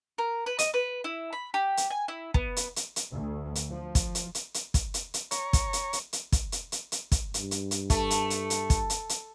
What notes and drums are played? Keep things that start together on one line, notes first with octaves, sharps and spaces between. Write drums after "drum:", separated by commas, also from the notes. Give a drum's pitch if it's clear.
A#4
B4
D#5, drum: hi-hat
B4
E4
B5
G4
drum: hi-hat
G#5
E4
B3, drum: kick
drum: hi-hat
drum: hi-hat
drum: hi-hat
D2
drum: hi-hat
F3
drum: kick, hi-hat
drum: hi-hat
drum: hi-hat
drum: hi-hat
drum: kick, hi-hat
drum: hi-hat
drum: hi-hat
C#5 A#5 C#6, drum: hi-hat
drum: kick, hi-hat
drum: hi-hat
drum: hi-hat
drum: hi-hat
drum: kick, hi-hat
drum: hi-hat
drum: hi-hat
drum: hi-hat
drum: kick, hi-hat
G2, drum: hi-hat
drum: hi-hat
drum: hi-hat
A3, drum: kick, hi-hat
drum: hi-hat
drum: hi-hat
drum: hi-hat
drum: kick, hi-hat
drum: hi-hat
drum: hi-hat